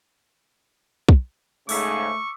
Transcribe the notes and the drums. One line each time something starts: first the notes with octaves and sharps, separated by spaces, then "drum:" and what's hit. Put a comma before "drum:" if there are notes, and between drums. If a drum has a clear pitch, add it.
drum: kick
G#2 C#3 A3 C#6 D6 E6 B6, drum: open hi-hat